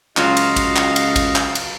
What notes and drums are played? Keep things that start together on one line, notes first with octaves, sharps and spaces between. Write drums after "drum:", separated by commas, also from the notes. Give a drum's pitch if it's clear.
C#2 F#3 F4 F#4 D#5 F5, drum: clap
drum: cymbal
drum: kick, cymbal
drum: clap
drum: cymbal
drum: kick, cymbal
drum: clap
drum: cymbal